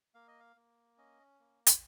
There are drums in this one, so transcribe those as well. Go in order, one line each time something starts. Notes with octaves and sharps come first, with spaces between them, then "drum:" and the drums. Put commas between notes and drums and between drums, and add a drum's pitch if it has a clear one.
A#3 F5
D#5
F5
A#3
C#4 D#5
A#3
drum: hi-hat